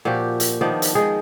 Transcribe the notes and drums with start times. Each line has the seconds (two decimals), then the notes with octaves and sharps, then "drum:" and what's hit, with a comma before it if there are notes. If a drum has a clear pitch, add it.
0.05 A#2 F3 F#4 G4
0.40 drum: hi-hat
0.61 D#3 F3 B3 D4
0.82 drum: hi-hat
0.95 D#3 F3 G#3 G#4